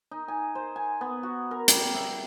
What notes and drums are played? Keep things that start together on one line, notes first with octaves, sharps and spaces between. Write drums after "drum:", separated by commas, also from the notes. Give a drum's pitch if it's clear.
D#4
G#5
C5
G#5
B3
F#4
A#4
G3, drum: hi-hat
E5